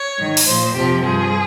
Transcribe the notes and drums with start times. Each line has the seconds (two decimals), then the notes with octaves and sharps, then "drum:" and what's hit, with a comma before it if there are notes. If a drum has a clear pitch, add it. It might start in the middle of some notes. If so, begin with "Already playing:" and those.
Already playing: C#5
0.18 G#2 D#3
0.37 drum: open hi-hat
0.46 A#2 F3 C5
0.74 F2 C3 F3 G4
1.02 G2 F3 G#4